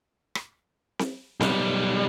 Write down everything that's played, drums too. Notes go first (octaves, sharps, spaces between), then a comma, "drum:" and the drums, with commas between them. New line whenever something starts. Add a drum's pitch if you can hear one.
drum: rim click
drum: snare C4
B1 G3, drum: snare C4